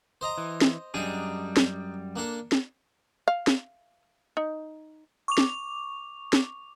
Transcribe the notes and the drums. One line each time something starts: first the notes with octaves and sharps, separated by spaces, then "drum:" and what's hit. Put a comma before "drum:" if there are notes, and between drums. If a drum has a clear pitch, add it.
C5 D#5 A#5
E3
drum: snare
F#2 G3 D4 D#4 G#4
drum: snare
A#3 D4 A4
drum: snare
F5
drum: snare
D#4
C#6 D6 F7
drum: snare
drum: snare